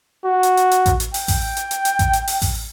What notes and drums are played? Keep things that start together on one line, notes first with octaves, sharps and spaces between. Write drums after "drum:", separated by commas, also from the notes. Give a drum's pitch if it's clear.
F#4
drum: hi-hat
drum: hi-hat
drum: hi-hat
drum: kick A1, hi-hat
drum: hi-hat
G5, drum: open hi-hat
drum: kick A1, open hi-hat
drum: hi-hat
drum: hi-hat
drum: hi-hat
drum: kick A1, hi-hat
drum: hi-hat
drum: open hi-hat
drum: kick A1, open hi-hat